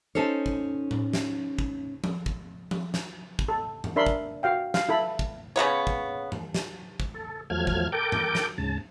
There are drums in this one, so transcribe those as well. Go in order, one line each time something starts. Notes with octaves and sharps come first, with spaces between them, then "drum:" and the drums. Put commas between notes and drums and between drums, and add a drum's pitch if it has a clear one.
C#4 D#4 A4 C5 C#5
drum: kick
drum: tom A2
drum: snare
drum: kick
drum: tom F3
drum: kick
drum: tom F3
drum: snare
drum: kick
A4
drum: tom G2
D4 A#4 E5 B5 C6
drum: kick
F#4 F5 G5
F5, drum: snare
E4 A4 B5
drum: kick
C#3 G#3 B3 C#5
drum: kick
drum: tom G2
drum: snare
drum: kick
A4
E2 F3 F#3 A3 F6 G#6
drum: kick
A4 A#4 G5 D6 G6
drum: tom G2
drum: snare
D2 G#2 C#3 A5